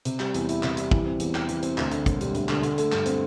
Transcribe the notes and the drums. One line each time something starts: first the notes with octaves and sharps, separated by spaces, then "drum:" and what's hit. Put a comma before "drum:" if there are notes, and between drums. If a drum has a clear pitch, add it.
C3, drum: hi-hat
G3, drum: clap
E2, drum: hi-hat
E4, drum: hi-hat
C3, drum: clap
G3, drum: hi-hat
E3, drum: kick
C4
E2, drum: hi-hat
G4, drum: clap
E3, drum: hi-hat
C4, drum: hi-hat
D2, drum: clap
D3, drum: hi-hat
E1, drum: kick, hi-hat
G3, drum: hi-hat
D2, drum: hi-hat
D3, drum: clap
D3, drum: hi-hat
A3, drum: hi-hat
G2, drum: clap
C4, drum: hi-hat